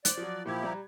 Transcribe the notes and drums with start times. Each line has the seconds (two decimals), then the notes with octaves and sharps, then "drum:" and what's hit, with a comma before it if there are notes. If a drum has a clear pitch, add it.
0.05 C5 D5 F#6, drum: hi-hat
0.17 F3 F#3
0.46 A#2 F3 E4 G4 G#6
0.63 G3 A#5